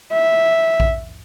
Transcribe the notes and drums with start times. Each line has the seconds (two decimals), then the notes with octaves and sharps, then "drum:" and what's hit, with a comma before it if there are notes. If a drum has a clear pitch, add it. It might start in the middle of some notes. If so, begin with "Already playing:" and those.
0.12 E5
0.80 drum: kick A#1